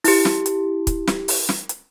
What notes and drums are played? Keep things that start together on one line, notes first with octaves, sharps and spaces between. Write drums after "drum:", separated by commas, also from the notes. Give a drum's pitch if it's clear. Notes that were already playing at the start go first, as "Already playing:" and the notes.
E4 G4, drum: open hi-hat
drum: snare
drum: hi-hat
drum: kick, hi-hat
drum: snare
drum: open hi-hat
drum: snare
drum: hi-hat